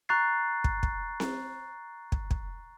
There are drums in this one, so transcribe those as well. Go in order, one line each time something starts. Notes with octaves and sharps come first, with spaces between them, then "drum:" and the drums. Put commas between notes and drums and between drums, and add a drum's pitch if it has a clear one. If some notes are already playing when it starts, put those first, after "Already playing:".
A#5 C#6 F#6 A6 C7
drum: kick
drum: kick
drum: snare C4
drum: kick
drum: kick